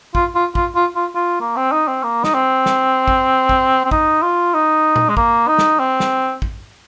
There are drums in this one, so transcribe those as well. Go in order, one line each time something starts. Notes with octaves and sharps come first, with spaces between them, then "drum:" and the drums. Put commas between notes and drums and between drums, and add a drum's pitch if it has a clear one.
F4, drum: kick
F4
F4, drum: kick
F4
F4
F4
A#3
C4
D#4
C4
A#3
D#4, drum: snare
C4
drum: snare
drum: kick
drum: kick
C4
D#4, drum: kick
F4
D#4
drum: tom A#2
G#3
A#3, drum: kick
D#4
drum: snare
C4
drum: snare
drum: kick